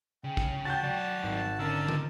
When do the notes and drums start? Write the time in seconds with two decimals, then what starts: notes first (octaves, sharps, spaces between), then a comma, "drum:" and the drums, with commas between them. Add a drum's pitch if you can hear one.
0.24 C#3 G5
0.37 drum: kick
0.65 F#4 A5 G6 A6
0.83 F#3 D5
1.24 G#1
1.59 D3 C#4 A#4 A5 E6
1.88 drum: tom